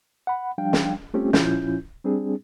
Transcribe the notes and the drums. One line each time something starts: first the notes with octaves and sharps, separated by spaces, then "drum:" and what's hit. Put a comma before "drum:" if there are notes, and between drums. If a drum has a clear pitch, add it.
F#5 B5
F3 G3 D4 F5 G5
drum: snare
G3 A3 C4 C#4 F4 G4
A#2 F3 C#4 E4 F4 G6, drum: snare
G3 C4 D4 G#4